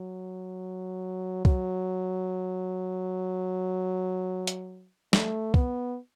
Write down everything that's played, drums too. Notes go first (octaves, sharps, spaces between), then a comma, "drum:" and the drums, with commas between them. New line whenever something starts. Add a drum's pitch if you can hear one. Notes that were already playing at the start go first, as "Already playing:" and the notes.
Already playing: F#3
F#3, drum: kick
drum: hi-hat
A3, drum: snare
B3, drum: kick